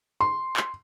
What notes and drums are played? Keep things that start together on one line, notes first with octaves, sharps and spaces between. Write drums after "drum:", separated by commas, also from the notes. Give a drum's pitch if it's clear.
C6
drum: clap